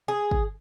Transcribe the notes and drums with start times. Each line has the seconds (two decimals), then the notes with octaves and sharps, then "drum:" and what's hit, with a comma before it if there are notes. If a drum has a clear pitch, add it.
0.08 G#4
0.31 drum: kick